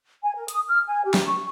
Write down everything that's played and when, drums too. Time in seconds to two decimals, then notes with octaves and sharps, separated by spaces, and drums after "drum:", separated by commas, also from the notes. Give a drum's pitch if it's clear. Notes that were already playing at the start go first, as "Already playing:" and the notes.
0.23 G#5
0.35 A#4
0.48 D#6, drum: hi-hat
0.68 F6
0.86 G#5
1.05 G4
1.14 drum: snare
1.27 C#6